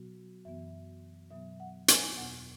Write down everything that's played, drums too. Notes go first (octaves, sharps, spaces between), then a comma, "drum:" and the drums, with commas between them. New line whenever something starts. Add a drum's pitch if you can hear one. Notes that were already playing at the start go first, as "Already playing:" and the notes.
Already playing: B2 F#3 B3 F#4
F#2 E3 B3 E5
B2 F#3 B3 E5
F#5
G#5, drum: hi-hat
E2 B2 B3 F#5